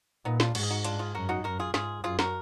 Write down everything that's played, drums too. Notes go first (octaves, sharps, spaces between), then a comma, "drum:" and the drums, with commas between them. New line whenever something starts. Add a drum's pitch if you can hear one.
A#2 B3 D#4
D4 F4, drum: snare
G#2 F#4, drum: cymbal
G#4
D#4 F#4
D4 F4, drum: hi-hat
F4 G#4
F#2 F#4 A#4
D#4 F#4
F#2 F#4 A#4
F4 G#4
G#2 F4 G#4, drum: snare
F#2 F4 G#4
F#4 A#4, drum: snare